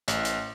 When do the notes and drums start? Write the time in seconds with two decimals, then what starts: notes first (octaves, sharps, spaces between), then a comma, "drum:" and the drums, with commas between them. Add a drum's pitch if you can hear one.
0.08 A1, drum: hi-hat
0.25 drum: hi-hat